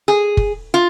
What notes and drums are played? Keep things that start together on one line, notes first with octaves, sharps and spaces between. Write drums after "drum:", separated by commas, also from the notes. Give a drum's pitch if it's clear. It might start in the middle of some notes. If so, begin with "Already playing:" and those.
G#4
drum: kick
F4